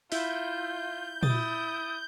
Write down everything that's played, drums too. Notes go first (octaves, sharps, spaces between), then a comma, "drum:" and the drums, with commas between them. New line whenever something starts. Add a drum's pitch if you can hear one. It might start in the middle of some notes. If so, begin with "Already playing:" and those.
E4 F4 E5 G6, drum: open hi-hat
E4 D#6 A6, drum: tom A#2